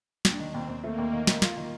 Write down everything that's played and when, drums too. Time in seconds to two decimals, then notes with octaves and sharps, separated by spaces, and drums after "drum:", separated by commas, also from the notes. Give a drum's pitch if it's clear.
0.25 D#2 D4, drum: snare
0.40 D#3
0.54 D#2 C4
0.69 D#2
0.83 A3 A#3
0.98 D#2
1.13 D#3
1.27 D#2, drum: snare
1.42 F4, drum: snare
1.57 D#3